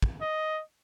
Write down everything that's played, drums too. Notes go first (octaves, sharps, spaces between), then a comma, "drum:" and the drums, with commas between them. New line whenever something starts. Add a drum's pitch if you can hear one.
drum: kick
D#5